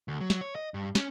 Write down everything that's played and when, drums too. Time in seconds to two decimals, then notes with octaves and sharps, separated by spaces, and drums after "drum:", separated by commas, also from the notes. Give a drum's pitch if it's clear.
0.08 D2
0.20 F#3
0.30 drum: snare
0.41 C#5
0.55 D#5
0.74 G2
0.95 C#4, drum: snare